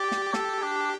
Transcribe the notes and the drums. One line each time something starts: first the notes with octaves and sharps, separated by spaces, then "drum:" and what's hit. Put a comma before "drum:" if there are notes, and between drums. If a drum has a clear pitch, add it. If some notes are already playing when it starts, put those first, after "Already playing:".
Already playing: G4 D5
drum: snare
A4, drum: snare
D4